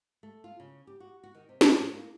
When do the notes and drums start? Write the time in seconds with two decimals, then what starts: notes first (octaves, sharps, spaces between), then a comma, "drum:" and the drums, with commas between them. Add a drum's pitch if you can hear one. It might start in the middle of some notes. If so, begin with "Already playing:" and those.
0.23 A3
0.44 F4
0.60 C#3
0.87 G4
1.00 F#4
1.23 F#4
1.35 D#3
1.49 C3
1.61 F#4, drum: snare
1.78 A2
1.93 A#3